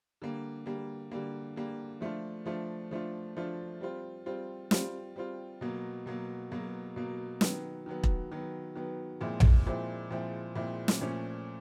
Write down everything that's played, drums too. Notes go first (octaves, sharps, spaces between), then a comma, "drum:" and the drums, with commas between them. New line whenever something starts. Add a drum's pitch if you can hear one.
D3 G3 A#3
D3 G3 A#3
D3 G3 A#3
D3 G3 A#3
F3 A3 D4 F4
F3 A3 D4 F4
F3 A3 D4 F4
F3 A3 D4 F4
G3 C4 F4
G3 C4 F4
G3 C4 F4, drum: snare
G3 C4 F4
B2 F#3 A#3
B2 F#3 A#3
B2 F#3 A#3
B2 F#3 A#3
D#3 F#3 B3, drum: snare
D#3 F#3 B3
drum: kick E1
D#3 F#3 B3
D#3 F#3 B3
A#2 F3 G#3 C4 E4
drum: tom A#1
A#2 F3 G#3 C4 E4
A#2 F3 G#3 C4 E4
A#2 F3 G#3 C4 E4
drum: snare
A#2 F3 A3 C#4